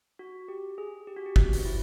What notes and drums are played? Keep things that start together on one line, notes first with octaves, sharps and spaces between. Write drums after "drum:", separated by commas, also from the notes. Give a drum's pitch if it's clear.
F#4
G4
G#4
G4
F#4
G4
F#4, drum: kick
drum: open hi-hat
E4